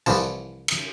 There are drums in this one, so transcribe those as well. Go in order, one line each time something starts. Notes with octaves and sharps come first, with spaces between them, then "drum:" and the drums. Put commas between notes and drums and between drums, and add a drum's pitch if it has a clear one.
C2 E3 F3 A5, drum: tambourine
drum: cymbal